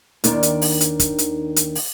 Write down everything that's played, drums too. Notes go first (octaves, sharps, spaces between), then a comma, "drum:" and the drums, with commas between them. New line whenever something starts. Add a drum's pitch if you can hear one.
D#2 D#3 D4, drum: hi-hat
drum: hi-hat
drum: open hi-hat
drum: hi-hat
drum: kick, hi-hat
drum: hi-hat
drum: hi-hat
drum: open hi-hat